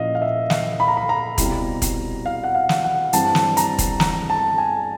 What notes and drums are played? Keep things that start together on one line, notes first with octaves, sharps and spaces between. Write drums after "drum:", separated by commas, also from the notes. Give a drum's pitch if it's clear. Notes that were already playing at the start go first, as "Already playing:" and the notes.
Already playing: A#2 F3 A#3 C#4 E4 D#5 F5
F5
E5
F5, drum: snare
B5
A#5
B5
A#5
B2 G3 C4 E4, drum: kick E1, hi-hat
drum: kick E1, hi-hat
F5
F#5
F5
drum: snare
F#5
G2 E3 G3 C4 A5, drum: hi-hat
drum: snare
A#5, drum: hi-hat
drum: kick E1, hi-hat
A#5, drum: snare
A5
G#5